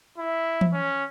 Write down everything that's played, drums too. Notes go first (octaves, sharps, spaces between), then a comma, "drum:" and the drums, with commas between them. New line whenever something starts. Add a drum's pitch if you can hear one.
E4
drum: tom E3
C#4